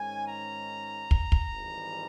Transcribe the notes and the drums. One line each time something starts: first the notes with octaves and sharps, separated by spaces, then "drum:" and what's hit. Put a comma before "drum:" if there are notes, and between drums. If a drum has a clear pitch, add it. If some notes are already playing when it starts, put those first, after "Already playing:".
Already playing: G#2 D#3 G#3 C#4 G#5
A#5
drum: kick
drum: kick
G#1 G#2 E3 G3